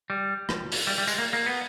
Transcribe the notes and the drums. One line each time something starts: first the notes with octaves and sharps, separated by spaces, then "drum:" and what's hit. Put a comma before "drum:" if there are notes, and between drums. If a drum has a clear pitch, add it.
G3
drum: rim click
drum: open hi-hat
G3
G3
G#3, drum: tambourine
A#3
A#3
B3